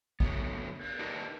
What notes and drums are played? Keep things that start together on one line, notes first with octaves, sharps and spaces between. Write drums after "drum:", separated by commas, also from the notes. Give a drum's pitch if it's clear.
D3 F#3 A3 B3, drum: kick
drum: cymbal
D4 D#4 G4 A#4 D#5